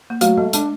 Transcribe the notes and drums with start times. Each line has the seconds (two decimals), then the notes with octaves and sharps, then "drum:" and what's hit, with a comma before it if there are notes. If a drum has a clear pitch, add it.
0.10 A#3
0.21 F#3 A3, drum: hi-hat
0.37 G#3 A3
0.53 G#3 D4, drum: hi-hat